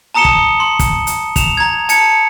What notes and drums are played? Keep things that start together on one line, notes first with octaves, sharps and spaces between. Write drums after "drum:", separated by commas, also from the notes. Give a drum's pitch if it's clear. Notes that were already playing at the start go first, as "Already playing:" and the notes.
A5 A#5 D#6 C#7 E7 G7
drum: kick
C6
drum: kick, hi-hat
drum: hi-hat
E7 F7, drum: kick, hi-hat
A#5 G#6
A5 G#6 C#7, drum: hi-hat